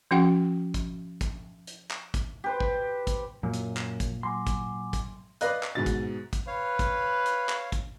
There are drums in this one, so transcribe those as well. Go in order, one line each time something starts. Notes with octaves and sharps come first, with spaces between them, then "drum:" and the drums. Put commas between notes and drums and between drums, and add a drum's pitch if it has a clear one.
F3 C#4 F#4 F#5 G5
drum: kick, hi-hat
drum: kick, hi-hat
drum: hi-hat
drum: clap
drum: kick, hi-hat
G4 B4 C5
drum: kick
drum: kick, hi-hat
F#2 A#2
drum: hi-hat
drum: clap
drum: kick, hi-hat
F#3 G#5 C6 D6
drum: kick, hi-hat
drum: kick, hi-hat
B4 D5 D#5 F5 F#6, drum: hi-hat
drum: clap
G#2 B2 A6
drum: kick, hi-hat
drum: kick, hi-hat
B4 C#5 F5
drum: kick, hi-hat
drum: hi-hat
drum: clap
drum: kick, hi-hat